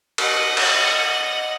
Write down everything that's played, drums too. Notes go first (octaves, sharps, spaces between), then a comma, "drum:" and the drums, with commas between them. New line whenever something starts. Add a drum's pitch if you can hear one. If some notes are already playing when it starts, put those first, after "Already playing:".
D#5 F#5, drum: cymbal
drum: cymbal